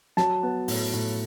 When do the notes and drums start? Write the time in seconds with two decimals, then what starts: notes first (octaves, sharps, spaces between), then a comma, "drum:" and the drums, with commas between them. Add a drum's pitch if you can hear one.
0.17 F#3 A5, drum: snare
0.43 B3
0.68 A2, drum: open hi-hat
0.93 A2